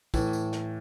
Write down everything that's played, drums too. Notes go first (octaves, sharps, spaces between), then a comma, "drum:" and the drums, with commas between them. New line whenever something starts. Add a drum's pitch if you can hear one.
A2 E3, drum: kick, tambourine
drum: tambourine
drum: snare